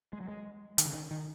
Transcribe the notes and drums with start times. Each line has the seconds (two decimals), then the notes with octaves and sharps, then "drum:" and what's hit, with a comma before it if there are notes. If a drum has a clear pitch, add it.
0.13 G#3
0.20 F#3
0.28 G#3
0.78 D#3, drum: hi-hat
0.85 C#3
0.93 D#3
1.11 D#3